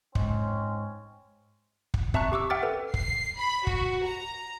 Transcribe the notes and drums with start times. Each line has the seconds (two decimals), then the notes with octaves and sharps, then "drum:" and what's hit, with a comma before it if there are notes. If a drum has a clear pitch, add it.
0.15 G#2 C4 C#4, drum: kick
1.94 drum: kick
2.14 C4 E5 A5 A#5 C#6 F#6, drum: kick
2.32 G4 C#6 D6 E6
2.50 E5 F#5 G5 D6 F6 A6
2.63 A4 B4
2.94 C7, drum: kick
3.37 B5
3.67 F#4, drum: kick
4.06 A#5